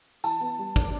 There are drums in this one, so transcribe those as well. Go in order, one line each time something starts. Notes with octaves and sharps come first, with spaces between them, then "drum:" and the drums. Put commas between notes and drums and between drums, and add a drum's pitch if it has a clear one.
E3 A5, drum: tambourine
B3
G3
D4, drum: kick, tambourine